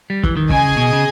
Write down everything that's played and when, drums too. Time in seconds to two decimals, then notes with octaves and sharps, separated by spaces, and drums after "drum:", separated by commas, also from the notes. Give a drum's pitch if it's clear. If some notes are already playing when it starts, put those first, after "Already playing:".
0.10 G3
0.24 E3, drum: kick
0.37 D#3
0.50 C#3 G#4 D#5 G#5, drum: kick
0.77 B2
0.93 C#3